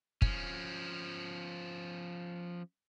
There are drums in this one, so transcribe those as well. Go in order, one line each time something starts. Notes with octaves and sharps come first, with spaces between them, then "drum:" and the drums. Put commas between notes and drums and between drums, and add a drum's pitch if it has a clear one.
F3 C#4, drum: kick